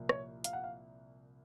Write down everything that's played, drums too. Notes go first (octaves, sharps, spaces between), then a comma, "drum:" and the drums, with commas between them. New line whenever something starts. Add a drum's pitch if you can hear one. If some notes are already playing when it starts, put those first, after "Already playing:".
Already playing: C2 A#2 F3 A#3
C#5, drum: rim click
F5, drum: hi-hat
F#5
F5